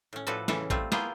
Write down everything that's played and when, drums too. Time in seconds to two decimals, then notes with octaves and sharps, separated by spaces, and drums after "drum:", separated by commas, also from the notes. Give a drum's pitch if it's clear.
0.13 A2 C#4
0.27 A2 F3 F#4 A4 B4 D5
0.48 A2 C#3 E3 C#4 A4, drum: snare
0.70 G3 A3 C4 F4, drum: kick A1
0.92 A#3 B3 E4 F4 G#4 G5, drum: snare